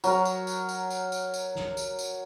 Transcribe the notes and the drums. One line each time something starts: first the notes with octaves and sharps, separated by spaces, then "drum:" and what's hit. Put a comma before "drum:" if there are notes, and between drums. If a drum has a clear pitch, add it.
F#3 A#4, drum: tambourine
drum: tambourine
drum: tambourine
drum: tambourine
drum: tambourine
drum: tambourine
drum: tambourine
drum: snare
drum: tambourine
drum: tambourine